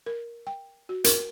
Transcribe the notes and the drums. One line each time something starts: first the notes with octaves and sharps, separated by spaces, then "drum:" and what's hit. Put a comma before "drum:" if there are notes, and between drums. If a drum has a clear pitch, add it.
A#4
G5
F#4
A#4, drum: hi-hat